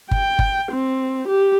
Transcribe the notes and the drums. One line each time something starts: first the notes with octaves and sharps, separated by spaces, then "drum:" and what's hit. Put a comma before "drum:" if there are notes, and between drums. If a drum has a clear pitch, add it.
G5, drum: kick G1
drum: kick G1
C4
G4